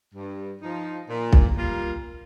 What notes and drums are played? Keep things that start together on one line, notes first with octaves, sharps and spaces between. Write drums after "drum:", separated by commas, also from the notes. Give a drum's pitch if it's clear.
G2
F3 D#4
A#2
drum: kick B1
G3 A#3 F4 A#4